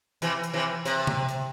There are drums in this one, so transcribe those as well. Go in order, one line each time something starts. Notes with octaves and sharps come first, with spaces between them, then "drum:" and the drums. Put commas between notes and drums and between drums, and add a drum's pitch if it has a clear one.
C3 E3, drum: hi-hat
drum: hi-hat
C3 E3
C3, drum: hi-hat
drum: tom C3
drum: hi-hat